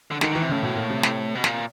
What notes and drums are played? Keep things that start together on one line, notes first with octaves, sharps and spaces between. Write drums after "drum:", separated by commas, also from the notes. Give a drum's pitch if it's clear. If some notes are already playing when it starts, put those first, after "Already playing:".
D3
D3 D#3, drum: snare
D#3 E3
C3
A2 C#3
B2
A#2
C3
drum: snare
B2
A#2, drum: snare